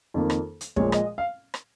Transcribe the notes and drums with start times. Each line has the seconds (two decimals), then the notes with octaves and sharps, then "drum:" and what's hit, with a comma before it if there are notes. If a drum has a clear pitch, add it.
0.14 F2 D#3 A#3
0.30 drum: rim click
0.61 drum: hi-hat
0.76 A#2 F3 G#3 C#5, drum: kick
0.92 D#5, drum: rim click
1.18 F5
1.54 drum: rim click